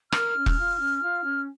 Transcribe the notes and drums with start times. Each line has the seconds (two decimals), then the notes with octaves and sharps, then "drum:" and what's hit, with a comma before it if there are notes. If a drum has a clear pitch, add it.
0.12 A#4 F6, drum: rim click
0.35 C#4
0.46 drum: kick E1
0.57 F4
0.80 C#4
1.02 F4
1.24 C#4